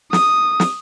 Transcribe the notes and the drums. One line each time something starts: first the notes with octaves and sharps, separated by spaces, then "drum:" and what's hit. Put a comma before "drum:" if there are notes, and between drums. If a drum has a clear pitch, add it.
D#6, drum: snare
drum: snare